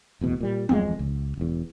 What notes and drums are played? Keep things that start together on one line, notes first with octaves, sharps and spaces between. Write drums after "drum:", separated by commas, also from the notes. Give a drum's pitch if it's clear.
D1 E2 B2
A#2 G3
D1 F2 E3 G#3, drum: tom
C#2
E1 E2